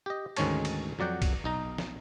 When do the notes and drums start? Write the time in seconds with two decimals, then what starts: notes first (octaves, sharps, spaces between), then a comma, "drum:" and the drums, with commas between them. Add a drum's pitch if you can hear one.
0.06 G4 D#5
0.36 D2 G#2 D#3 C#4 C#5 A5, drum: cymbal
0.65 drum: cymbal
0.99 F2 F#3 D5 F#5 G5
1.22 drum: kick B1, cymbal
1.44 B1 D#4 A#5
1.78 drum: snare